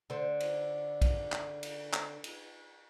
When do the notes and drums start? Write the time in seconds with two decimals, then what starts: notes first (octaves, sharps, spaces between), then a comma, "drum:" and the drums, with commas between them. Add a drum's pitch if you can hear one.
0.10 D3 C5
0.40 drum: cymbal
1.02 drum: kick B1, cymbal
1.32 drum: clap
1.63 drum: cymbal
1.93 drum: clap
2.24 drum: cymbal